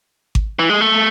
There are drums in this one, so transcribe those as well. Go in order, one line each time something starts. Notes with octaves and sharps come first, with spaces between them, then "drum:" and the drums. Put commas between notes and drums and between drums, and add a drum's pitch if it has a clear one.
drum: kick G#1
E3
G#3
A3